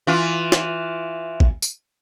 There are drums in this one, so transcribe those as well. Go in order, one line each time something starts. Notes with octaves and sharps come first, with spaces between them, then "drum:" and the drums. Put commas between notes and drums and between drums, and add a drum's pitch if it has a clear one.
E3 F4
drum: snare
drum: kick
drum: tambourine